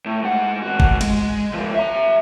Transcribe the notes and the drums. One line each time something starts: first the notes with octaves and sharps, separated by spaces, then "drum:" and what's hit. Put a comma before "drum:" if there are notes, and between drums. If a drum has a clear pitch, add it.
A2
G#2 F#5
G#2 F#4
drum: kick
G#3, drum: cymbal
C#3 F3
E5 A#5